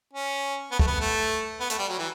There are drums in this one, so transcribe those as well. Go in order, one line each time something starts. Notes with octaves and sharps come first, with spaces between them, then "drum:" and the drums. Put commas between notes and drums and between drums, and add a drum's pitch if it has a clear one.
C#4
B3
A3, drum: kick
B3
A3
B3
A3, drum: hi-hat
G3
F#3
E3